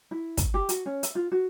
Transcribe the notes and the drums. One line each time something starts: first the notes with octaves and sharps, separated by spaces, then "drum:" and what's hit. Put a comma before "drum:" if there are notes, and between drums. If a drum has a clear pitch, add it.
E4
drum: kick, hi-hat
G4
F#4, drum: hi-hat
C#4
E5, drum: hi-hat
F4
F#4